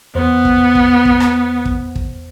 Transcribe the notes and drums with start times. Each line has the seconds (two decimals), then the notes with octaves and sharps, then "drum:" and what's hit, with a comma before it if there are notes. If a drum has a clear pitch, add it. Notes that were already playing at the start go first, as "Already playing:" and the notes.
0.15 E2 B3 C5
0.45 drum: kick
0.75 drum: kick
1.05 drum: kick
1.20 drum: rim click
1.65 drum: kick
1.96 drum: kick